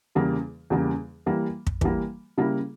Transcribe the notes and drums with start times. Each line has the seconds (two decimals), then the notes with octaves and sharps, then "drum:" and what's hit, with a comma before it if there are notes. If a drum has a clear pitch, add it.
0.15 E2 C#3 G3 A#3
0.70 E2 C#3 G3 A#3
1.26 E3 G3 A#3
1.67 drum: kick
1.81 E3 G3 A#3, drum: kick
2.37 C#3 G3 A#3 E4